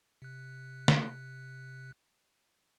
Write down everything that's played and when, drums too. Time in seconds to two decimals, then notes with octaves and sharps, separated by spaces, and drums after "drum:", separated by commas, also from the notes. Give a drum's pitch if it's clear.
0.22 C3 F#6
0.88 drum: snare